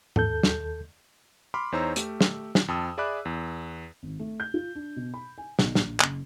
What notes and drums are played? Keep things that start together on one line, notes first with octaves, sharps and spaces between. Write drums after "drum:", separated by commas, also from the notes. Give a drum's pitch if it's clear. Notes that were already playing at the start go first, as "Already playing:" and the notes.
D#2 A4 G6, drum: tom G#2
drum: snare
B5 C6 D6 F6
E2 D#4 C5 C#5 A#5 E6
A3 G4, drum: hi-hat
drum: snare
drum: snare
F2 G5 A5 D#6 E6
G#4 D5 E5 B5 D6 F#6
E2
G#1
A3
G6
F4
D4
B2
B5
G#5
B1, drum: snare
A#1, drum: snare
F#1, drum: clap